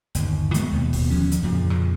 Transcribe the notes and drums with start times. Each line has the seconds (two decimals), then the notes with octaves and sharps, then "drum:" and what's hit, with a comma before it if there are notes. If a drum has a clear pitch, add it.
0.15 G1 D#2, drum: hi-hat
0.54 D#3 G#3 A#3 B3, drum: hi-hat
0.72 D#2 B2
0.93 drum: kick, open hi-hat
1.10 D#2 D3 F3 C#4
1.32 drum: hi-hat
1.42 F2 A#2 C#3 F3
1.70 drum: rim click